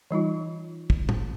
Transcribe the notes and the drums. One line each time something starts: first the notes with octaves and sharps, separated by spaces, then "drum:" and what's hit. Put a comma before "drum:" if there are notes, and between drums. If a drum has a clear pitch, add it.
E3 G3 D#4 F4
drum: kick
drum: tom